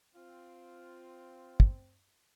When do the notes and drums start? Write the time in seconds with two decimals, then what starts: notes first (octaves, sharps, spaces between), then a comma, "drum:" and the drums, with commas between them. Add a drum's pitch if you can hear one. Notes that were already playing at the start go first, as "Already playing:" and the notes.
0.15 C4 F4
1.60 drum: kick